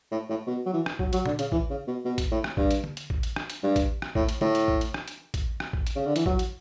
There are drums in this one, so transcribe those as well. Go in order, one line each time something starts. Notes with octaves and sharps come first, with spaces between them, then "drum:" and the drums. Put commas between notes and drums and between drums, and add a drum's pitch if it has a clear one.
A2
A2
B2
F#3
E3
drum: rim click
F#3, drum: kick A1
F#3, drum: hi-hat
D3, drum: tom A#2
C#3, drum: hi-hat
E3, drum: kick A1
C#3
B2
B2
drum: kick A1, hi-hat
A2
drum: rim click
G2, drum: kick A1
drum: hi-hat
drum: tom
drum: hi-hat
drum: kick A1
drum: hi-hat
drum: rim click
drum: hi-hat
G2
drum: kick A1, hi-hat
drum: rim click
A2, drum: kick A1
drum: hi-hat
A2, drum: tom
drum: hi-hat
drum: kick A1
drum: hi-hat
drum: rim click
drum: hi-hat
drum: kick A1, hi-hat
drum: rim click
drum: kick A1
drum: hi-hat
C#3
D3
E3, drum: hi-hat
F#3, drum: kick A1
drum: hi-hat